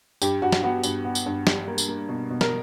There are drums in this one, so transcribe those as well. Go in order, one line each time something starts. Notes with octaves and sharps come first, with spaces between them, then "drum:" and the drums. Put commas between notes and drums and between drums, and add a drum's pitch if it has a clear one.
G2 G4, drum: tambourine
G2 F#4
drum: snare
B3 F#4
G2, drum: tambourine
B3
drum: tambourine
G2
G3, drum: snare
A#3
drum: tambourine
A#3
B2
B2
A#4, drum: snare